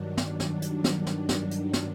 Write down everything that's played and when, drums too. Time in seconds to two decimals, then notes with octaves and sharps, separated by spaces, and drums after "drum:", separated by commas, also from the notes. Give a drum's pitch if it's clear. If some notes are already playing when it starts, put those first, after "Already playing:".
Already playing: G2 D#3 F#3 D4
0.17 drum: snare
0.40 drum: snare
0.62 drum: hi-hat
0.84 drum: snare
1.07 drum: snare
1.29 drum: snare
1.51 drum: hi-hat
1.73 drum: snare